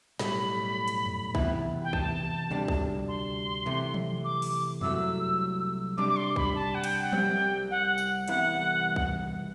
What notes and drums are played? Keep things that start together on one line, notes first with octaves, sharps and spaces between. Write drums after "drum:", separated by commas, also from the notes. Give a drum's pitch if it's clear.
B1 A2 G3 B5, drum: snare
drum: hi-hat
drum: tom F2
C3 E3 B3 E4, drum: kick
G5
A5, drum: kick
D2 C3 G3 D4
drum: kick
C6
C3 E3 A3
drum: tom
D6
drum: open hi-hat
C2 C3 F#3 A3 E6, drum: tom F2
C3 G3 D4 D6
D6
C6
B5, drum: kick
A5
F#5
G5, drum: cymbal
F#5
C2 C3 G3 C4 G5, drum: tom
F#5
drum: tambourine
C2 C3 E3 B3 E4 F#5, drum: hi-hat
drum: kick